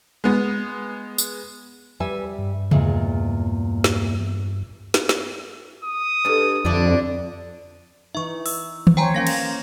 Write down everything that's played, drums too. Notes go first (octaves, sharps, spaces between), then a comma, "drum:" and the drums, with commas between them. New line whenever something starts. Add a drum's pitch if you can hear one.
G#3 B3
drum: tambourine
G3 B4 E5 G#5
G2
E2 A#2 G#3, drum: tom C3
drum: snare
drum: snare
drum: snare
D#6
G2 F4 A4
F2 D3 D4 E4 G4 D5
E3 D#4 E5 C#6
E6, drum: open hi-hat
drum: tom D#3
C5 C#5 G5 G#5 A#5
A#3 C#4 F5 A#6
drum: cymbal